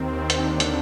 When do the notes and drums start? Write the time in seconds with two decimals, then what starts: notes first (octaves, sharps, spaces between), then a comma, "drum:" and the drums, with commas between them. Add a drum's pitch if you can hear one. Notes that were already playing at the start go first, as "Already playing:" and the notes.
Already playing: D#2 D#3 C4
0.30 D#2 D3 D4, drum: hi-hat
0.60 drum: hi-hat